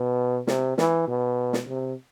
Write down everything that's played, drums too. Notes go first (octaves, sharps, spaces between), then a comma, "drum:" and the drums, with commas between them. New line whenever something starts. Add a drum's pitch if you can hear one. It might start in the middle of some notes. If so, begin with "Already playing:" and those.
Already playing: B2
C3, drum: snare
E3, drum: snare
B2
drum: snare
C3